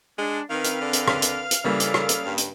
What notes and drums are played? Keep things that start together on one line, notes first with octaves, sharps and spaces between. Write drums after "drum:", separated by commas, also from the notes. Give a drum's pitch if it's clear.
G#3 D4
D#3 C4 A#4 B4 F5 F6
drum: hi-hat
D3
drum: hi-hat
drum: rim click
drum: hi-hat
drum: hi-hat
C#3 E3 G3 A#3 A4 D5
drum: hi-hat
drum: rim click
drum: hi-hat
G2
drum: hi-hat